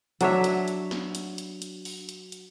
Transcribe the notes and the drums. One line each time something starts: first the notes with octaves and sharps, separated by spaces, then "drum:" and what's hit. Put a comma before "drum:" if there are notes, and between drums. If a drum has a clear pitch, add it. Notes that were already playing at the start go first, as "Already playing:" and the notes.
F#3 D4 C#5 E5, drum: hi-hat
drum: hi-hat
drum: hi-hat
drum: snare
drum: hi-hat
drum: hi-hat
drum: hi-hat
drum: open hi-hat
drum: hi-hat
drum: hi-hat